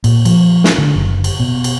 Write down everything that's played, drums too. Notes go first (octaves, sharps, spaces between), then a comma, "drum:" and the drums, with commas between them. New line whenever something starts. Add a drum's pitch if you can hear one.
A#2, drum: cymbal
F3, drum: cymbal
drum: snare
D3
F#1
drum: cymbal
B2
drum: cymbal